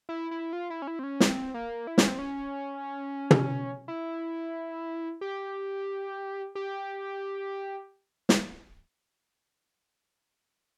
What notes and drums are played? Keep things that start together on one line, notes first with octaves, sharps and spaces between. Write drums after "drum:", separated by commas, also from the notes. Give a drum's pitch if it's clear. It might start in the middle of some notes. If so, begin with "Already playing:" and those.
E4
E4
F4
E4
C#4
E4
C4
C#4
C4, drum: snare
A#3
E4
C#4, drum: snare
C4
C#4
drum: tom
E4
G4
G4
drum: snare